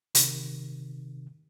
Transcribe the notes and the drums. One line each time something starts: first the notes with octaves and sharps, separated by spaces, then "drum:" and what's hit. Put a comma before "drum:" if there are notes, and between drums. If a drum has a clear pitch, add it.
C3 D#3, drum: hi-hat